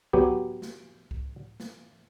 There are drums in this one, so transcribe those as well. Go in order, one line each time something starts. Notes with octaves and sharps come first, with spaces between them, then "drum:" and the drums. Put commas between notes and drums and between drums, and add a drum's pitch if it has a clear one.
F#3 B3 G4, drum: kick C2
drum: snare
drum: kick C2
drum: snare